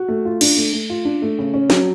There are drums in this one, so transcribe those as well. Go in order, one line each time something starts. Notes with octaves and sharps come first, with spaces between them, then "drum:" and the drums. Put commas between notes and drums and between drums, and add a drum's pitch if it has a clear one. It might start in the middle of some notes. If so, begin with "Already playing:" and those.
Already playing: F#4
A3
F4
D4, drum: cymbal
A3
A3
F4
D4
A3
C#3
C#4
F#3, drum: snare